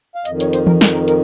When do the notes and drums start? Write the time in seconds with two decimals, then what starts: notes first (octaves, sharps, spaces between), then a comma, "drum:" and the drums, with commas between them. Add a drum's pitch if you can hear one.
0.15 F5
0.25 F2 D#5, drum: hi-hat
0.30 D#3
0.40 C#5, drum: hi-hat
0.53 C5, drum: hi-hat
0.67 A#4, drum: tom E3
0.81 G#4, drum: snare
0.94 A#4
1.08 A#4, drum: hi-hat